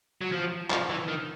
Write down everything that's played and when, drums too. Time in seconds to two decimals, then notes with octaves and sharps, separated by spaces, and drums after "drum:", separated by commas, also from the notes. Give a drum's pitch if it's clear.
0.21 F#3
0.32 F3
0.71 F3, drum: clap
0.89 E3
1.08 D#3